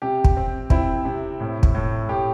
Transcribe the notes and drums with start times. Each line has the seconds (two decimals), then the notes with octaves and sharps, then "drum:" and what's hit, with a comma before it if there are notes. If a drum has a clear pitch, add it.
0.02 C3 G4
0.24 drum: kick
0.37 C4
0.70 C4 E4, drum: kick
1.05 C3
1.40 A2
1.63 drum: kick
1.75 A2
2.09 A2 G4